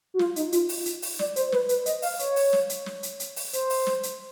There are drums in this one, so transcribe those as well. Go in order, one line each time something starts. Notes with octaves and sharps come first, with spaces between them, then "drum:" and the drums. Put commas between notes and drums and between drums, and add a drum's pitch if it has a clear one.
F#4
F4, drum: snare
D#4, drum: hi-hat
F4, drum: hi-hat
drum: open hi-hat
drum: hi-hat
drum: open hi-hat
D5, drum: snare
C5, drum: hi-hat
B4, drum: snare
B4, drum: hi-hat
D#5, drum: hi-hat
F5, drum: open hi-hat
C#5, drum: hi-hat
drum: open hi-hat
drum: snare
drum: hi-hat
drum: snare
drum: hi-hat
drum: hi-hat
drum: open hi-hat
C5, drum: hi-hat
drum: open hi-hat
drum: snare
drum: hi-hat